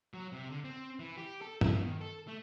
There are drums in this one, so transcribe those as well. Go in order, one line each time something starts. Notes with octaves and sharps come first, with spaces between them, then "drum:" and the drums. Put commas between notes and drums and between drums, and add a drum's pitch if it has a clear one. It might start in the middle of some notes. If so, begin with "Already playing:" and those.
F#3
C3
D3
C4
E3
G4
A4
E4, drum: tom G2
B2
D#3
A4
A3